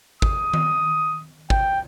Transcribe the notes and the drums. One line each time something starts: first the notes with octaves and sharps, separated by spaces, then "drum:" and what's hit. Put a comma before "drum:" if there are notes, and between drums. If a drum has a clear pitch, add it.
D#6, drum: kick
drum: tom D#3
G5, drum: kick